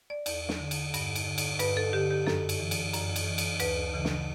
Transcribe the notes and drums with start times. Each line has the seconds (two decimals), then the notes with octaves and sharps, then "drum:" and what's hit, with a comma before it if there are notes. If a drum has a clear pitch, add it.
0.10 D5
0.26 E2 D5, drum: cymbal
0.49 drum: snare
0.60 D3
0.71 drum: cymbal
0.94 G2, drum: cymbal
1.15 drum: cymbal
1.27 D3
1.38 drum: cymbal
1.59 G2 B4, drum: cymbal
1.77 A4
1.93 D3 G4
2.11 G4
2.27 F#2 A4, drum: snare
2.49 drum: cymbal
2.60 E3
2.71 drum: cymbal
2.93 F#2, drum: cymbal
3.16 drum: cymbal
3.27 E3
3.38 drum: cymbal
3.60 D2 B4, drum: cymbal
3.94 C#3 E3
4.05 drum: snare